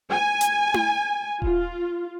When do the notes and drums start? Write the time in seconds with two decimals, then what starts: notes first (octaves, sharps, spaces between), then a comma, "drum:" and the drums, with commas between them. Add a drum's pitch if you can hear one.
0.11 G#5
0.41 drum: hi-hat
0.74 drum: tom E4
1.42 F4, drum: kick D#1